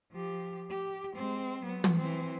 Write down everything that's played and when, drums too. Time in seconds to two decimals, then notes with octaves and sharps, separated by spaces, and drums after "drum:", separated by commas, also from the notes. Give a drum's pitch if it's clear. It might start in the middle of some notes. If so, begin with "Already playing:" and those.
0.12 F3 G4
0.70 G4
1.16 G#3 C4
1.63 F#3 B3
1.84 drum: tom
1.97 E3 C4